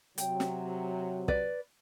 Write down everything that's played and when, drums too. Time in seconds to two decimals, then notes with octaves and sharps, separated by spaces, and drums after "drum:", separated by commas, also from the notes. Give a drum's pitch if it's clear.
0.18 C3 F#3 G5, drum: hi-hat
0.40 drum: snare
1.28 B4 D5, drum: kick